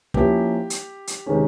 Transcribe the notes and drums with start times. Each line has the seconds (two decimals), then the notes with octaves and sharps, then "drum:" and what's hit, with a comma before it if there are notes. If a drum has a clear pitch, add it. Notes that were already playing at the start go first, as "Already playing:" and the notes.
0.14 F3 A#3 C#4 E4 G4, drum: kick
0.70 drum: hi-hat
1.07 drum: hi-hat
1.26 C3 D#3 G#3 C#4